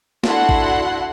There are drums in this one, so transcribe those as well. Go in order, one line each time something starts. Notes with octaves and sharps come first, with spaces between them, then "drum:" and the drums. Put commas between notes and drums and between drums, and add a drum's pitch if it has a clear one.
D4 E4 F#4 A4 F#5 C6, drum: snare
drum: kick